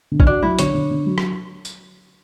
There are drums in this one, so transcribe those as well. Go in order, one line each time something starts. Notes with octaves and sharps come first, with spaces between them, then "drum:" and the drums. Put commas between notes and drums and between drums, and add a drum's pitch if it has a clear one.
D3
C#4, drum: kick A#1
D4 F#4
F#3 E4
D3 C#5, drum: hi-hat
D3
D3
F#3
drum: rim click
drum: tambourine